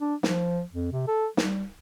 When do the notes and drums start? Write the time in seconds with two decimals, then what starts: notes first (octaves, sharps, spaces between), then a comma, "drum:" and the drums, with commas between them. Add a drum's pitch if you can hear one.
0.01 D4
0.23 F3, drum: snare
0.72 F2
0.92 C3
1.08 A4
1.37 G3, drum: snare